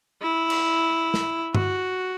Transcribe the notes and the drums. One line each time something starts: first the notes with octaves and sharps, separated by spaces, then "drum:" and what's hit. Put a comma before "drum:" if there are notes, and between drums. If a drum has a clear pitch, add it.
E4
drum: cymbal
drum: snare
F#4, drum: tom G2